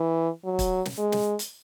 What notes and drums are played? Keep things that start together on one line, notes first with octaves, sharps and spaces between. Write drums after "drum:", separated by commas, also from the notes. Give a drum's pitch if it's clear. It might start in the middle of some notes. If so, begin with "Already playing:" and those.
Already playing: E3
F#3
drum: kick, hi-hat
drum: snare
G#3
drum: snare
drum: hi-hat